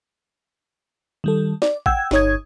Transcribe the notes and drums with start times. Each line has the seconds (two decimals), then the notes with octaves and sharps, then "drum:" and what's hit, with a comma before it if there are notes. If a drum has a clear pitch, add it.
1.24 D#3 G3 A4
1.62 D5, drum: snare
1.86 F#5 G5 E6 G#6, drum: kick A1
2.11 G1 D#4 C#5 D#6 G#6, drum: snare